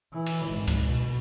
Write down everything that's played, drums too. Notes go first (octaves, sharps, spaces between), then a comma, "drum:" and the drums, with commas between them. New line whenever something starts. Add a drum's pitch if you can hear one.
E3
drum: cymbal
G#1
drum: kick C#2, cymbal
B2